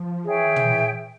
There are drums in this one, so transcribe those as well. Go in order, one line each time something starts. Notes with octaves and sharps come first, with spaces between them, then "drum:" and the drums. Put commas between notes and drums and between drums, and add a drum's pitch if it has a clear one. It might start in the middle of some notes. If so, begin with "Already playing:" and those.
Already playing: F3
E3 G#4 C#5 E5 G5
D#3
drum: tom
E3